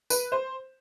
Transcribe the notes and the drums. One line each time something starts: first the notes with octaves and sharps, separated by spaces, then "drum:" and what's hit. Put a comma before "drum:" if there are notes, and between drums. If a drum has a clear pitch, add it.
B4, drum: tambourine
C5